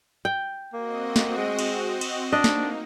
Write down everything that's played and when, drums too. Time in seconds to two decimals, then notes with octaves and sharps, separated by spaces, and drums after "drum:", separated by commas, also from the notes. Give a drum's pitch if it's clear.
0.25 G5
0.73 A#3 C4 F#4 D#5
1.16 drum: snare
1.38 G#3
1.59 drum: cymbal
2.01 drum: cymbal
2.32 A#3 D4 D#4 D#5
2.44 drum: snare